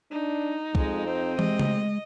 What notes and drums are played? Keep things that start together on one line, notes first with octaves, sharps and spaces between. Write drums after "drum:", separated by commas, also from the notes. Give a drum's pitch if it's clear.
D4 D#4
F2 G#3, drum: kick
C4
C3 G#3 D#5, drum: tom
drum: tom C#3